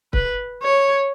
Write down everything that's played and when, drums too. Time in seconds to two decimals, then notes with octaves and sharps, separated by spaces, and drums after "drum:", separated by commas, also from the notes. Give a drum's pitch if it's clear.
0.13 B4, drum: kick C#1
0.63 C#5